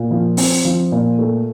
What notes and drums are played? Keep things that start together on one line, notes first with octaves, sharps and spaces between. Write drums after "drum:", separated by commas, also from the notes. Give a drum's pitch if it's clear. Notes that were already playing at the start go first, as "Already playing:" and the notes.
Already playing: A#2
F3
C4, drum: open hi-hat
F3
A#2
A3